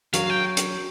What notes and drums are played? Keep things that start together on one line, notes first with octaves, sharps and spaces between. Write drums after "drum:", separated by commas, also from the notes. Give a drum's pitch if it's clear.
F#3 F5, drum: hi-hat
G5
drum: hi-hat